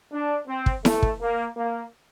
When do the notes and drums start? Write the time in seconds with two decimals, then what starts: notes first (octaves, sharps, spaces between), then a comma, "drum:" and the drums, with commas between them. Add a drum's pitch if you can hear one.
0.12 D4
0.48 C4
0.66 drum: kick
0.85 A3, drum: snare E4
1.02 drum: kick
1.21 A#3
1.57 A#3